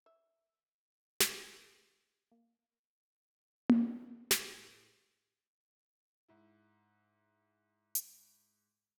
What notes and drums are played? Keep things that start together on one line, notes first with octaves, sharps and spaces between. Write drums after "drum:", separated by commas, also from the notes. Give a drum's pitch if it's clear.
E5
drum: snare
A#3
drum: tom A#3
A2 C5, drum: snare
G#2 E4
drum: hi-hat